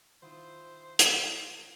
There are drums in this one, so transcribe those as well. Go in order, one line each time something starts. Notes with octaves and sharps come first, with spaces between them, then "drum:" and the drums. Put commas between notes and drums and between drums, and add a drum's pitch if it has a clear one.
D#3 E4 F4 C5
drum: hi-hat